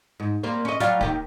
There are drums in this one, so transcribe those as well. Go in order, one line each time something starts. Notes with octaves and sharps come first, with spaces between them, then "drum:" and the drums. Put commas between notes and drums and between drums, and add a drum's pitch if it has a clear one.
G#2
G3 A#3 C4
C#4 D#5
F#3 G3 F4, drum: snare
D#2 D#3 G4, drum: kick D1